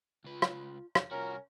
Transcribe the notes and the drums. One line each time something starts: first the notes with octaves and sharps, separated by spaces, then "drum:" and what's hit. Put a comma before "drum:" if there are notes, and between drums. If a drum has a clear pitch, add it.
C#2 F4 B4
drum: rim click
drum: rim click
C2 C#4 F4 F#4 A#4